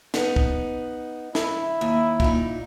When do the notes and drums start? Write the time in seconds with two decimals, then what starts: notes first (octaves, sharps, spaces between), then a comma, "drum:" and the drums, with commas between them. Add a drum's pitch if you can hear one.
0.14 B3 D#4, drum: snare
0.36 drum: kick
1.35 E4, drum: snare
1.81 D#2
2.20 A#2 D#4, drum: kick